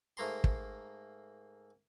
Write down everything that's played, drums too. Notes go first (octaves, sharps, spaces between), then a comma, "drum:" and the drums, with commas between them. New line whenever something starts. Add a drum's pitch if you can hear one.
G#2 A3 A#3 A#5 C6
drum: kick